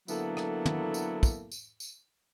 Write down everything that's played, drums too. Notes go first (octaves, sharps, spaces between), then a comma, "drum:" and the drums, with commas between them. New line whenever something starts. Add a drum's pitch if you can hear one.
D3 F#3 A#3 B3 E4 A4, drum: tambourine
drum: rim click
drum: tom
drum: tambourine
drum: kick, tambourine
drum: tambourine
drum: tambourine